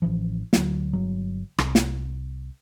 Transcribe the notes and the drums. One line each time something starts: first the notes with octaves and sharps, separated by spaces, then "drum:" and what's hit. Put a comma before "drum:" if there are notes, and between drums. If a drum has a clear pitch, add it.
A1 E3 F3
D2 F#3, drum: snare
G1 F#3
C2, drum: rim click
drum: snare